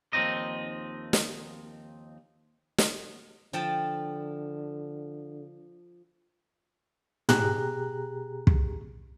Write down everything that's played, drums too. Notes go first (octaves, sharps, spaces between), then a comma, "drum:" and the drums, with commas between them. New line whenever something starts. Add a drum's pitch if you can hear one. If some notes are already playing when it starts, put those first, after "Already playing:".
D#2 F3 C4 D#4 D#5
drum: snare
drum: snare
D3 F3 G5 A5
B2 G4 G#4 A#5 F#6, drum: tom
drum: kick